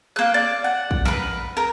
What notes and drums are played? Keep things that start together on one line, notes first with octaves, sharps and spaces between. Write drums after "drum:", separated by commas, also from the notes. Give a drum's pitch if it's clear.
A#3 F#6
D5
F#5
drum: kick
A#4 B4, drum: snare
A#4